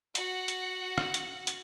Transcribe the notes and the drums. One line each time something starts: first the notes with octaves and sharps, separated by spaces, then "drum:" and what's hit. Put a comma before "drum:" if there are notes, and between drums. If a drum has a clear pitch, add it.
F#4 F#5, drum: hi-hat
drum: hi-hat
drum: rim click
drum: hi-hat
drum: hi-hat